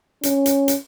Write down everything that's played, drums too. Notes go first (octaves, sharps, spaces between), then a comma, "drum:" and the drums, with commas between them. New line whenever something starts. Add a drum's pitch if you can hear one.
C#4, drum: hi-hat
drum: hi-hat
drum: hi-hat